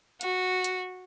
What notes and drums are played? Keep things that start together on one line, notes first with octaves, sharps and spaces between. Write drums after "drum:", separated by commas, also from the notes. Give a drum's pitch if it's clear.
F#4, drum: hi-hat
drum: hi-hat